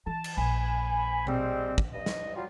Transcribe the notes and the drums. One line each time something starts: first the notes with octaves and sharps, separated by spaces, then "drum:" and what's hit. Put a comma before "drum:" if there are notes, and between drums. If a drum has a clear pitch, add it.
E3 A5
drum: cymbal
A#1 G#5 B5
G3 G#3 C4, drum: tom B2
drum: kick
G2 D#5
drum: snare
F#3 G3 F4